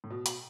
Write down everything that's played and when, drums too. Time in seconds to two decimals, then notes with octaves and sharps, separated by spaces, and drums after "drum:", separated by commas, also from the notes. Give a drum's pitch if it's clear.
0.04 A2
0.10 B2
0.26 drum: hi-hat